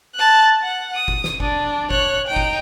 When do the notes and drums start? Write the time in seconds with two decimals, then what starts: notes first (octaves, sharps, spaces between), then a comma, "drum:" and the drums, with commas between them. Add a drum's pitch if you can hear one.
0.15 A5 F#6
0.63 F#5
0.95 D#6
1.08 drum: kick F#1
1.24 drum: snare
1.40 D4, drum: kick F#1
1.91 C#5 F#6, drum: kick F#1
2.27 D#4 G5
2.36 drum: kick F#1